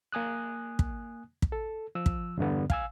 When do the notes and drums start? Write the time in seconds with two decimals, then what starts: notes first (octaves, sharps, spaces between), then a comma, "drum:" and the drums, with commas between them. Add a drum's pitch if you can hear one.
0.12 A#3 G#5 D#6 F#6
0.79 drum: kick
1.42 drum: kick
1.52 A4
1.95 F3 E6
2.06 drum: kick
2.37 E2 G2 D3 B3
2.70 F5 G#5 E6, drum: kick